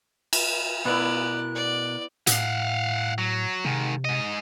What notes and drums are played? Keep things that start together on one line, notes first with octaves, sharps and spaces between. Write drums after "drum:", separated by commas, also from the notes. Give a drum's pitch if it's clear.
drum: cymbal
B2 B3 E4 A#4 D5 F#6
D5
A2 F5 F#5, drum: hi-hat
F#3
G#2 C3 D#3
G#2 D#5